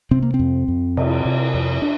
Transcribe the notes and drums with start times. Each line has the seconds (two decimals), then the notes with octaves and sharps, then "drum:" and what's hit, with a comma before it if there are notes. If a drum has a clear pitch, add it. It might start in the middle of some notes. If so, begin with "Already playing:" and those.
0.11 C3 C4
0.22 A#3
0.34 C4
0.39 F2
0.68 F2
0.97 C3, drum: cymbal
1.25 C3
1.54 F2
1.82 D4